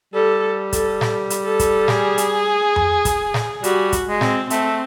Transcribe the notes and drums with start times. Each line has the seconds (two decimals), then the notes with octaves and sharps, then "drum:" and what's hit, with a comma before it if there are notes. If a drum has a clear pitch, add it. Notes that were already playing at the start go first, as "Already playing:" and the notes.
0.14 G3 A4
0.73 A4, drum: kick, hi-hat
1.01 drum: snare
1.30 drum: hi-hat
1.44 A4
1.59 drum: kick, hi-hat
1.88 G#4, drum: snare
2.18 drum: hi-hat
2.76 drum: tom F2
3.05 drum: kick, hi-hat
3.34 drum: snare
3.64 G3 F#4, drum: hi-hat
3.92 drum: kick, hi-hat
4.07 G#3
4.21 C4, drum: snare
4.50 A3 C4, drum: hi-hat